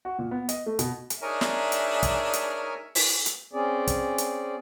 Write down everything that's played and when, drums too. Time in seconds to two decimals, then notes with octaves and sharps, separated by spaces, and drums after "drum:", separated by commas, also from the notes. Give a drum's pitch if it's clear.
0.05 F#4
0.19 A#2
0.31 B3
0.49 D#5, drum: hi-hat
0.66 A3
0.79 B2, drum: hi-hat
1.10 drum: hi-hat
1.22 D4 D#4 G#4 A#4 C#5 E5 G#5
1.41 drum: snare
1.72 drum: hi-hat
2.03 drum: kick, hi-hat
2.33 drum: hi-hat
2.95 drum: open hi-hat
3.26 drum: hi-hat
3.53 C4 C#4 G#4 D5
3.87 drum: kick, hi-hat
4.18 drum: hi-hat